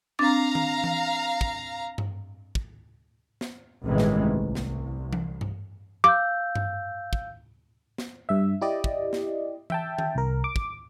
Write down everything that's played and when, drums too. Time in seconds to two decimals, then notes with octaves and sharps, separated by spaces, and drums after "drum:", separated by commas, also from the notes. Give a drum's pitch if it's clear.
0.19 C4 D4 F5 A#5 A6
0.55 drum: tom D#3
0.84 drum: tom E3
1.41 drum: kick
1.98 drum: tom G2
2.55 drum: kick
3.41 drum: snare
3.85 A1 G2 C3 D#3 E3 G#3
3.98 drum: snare
4.34 C2
4.55 drum: snare
5.13 drum: tom E3
5.41 drum: tom G2
6.04 F5 D6 E6 G6
6.55 drum: tom G2
7.13 drum: kick
7.98 drum: snare
8.29 G2 E5
8.61 E4 G4 D5 D#5
8.84 drum: kick
9.13 drum: snare
9.70 E5 G5 A5, drum: tom E3
9.99 drum: tom D#3
10.15 C2 A#4
10.44 D6
10.56 drum: kick